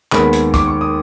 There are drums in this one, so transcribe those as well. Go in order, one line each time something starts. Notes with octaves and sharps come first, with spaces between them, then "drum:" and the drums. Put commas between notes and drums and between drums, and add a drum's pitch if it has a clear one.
D#2 D#3 G#3 B3 B5, drum: clap
drum: hi-hat
D6, drum: kick, hi-hat
C#6
D#6